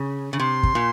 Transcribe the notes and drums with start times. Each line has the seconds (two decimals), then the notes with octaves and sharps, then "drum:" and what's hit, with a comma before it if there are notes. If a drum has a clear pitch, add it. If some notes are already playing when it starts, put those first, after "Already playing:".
Already playing: C#3
0.33 C#3
0.40 C3 C6
0.63 drum: kick
0.75 A#2